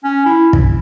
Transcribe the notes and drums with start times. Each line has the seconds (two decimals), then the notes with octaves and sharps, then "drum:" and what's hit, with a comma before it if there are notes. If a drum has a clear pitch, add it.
0.04 C#4
0.26 E4
0.53 drum: kick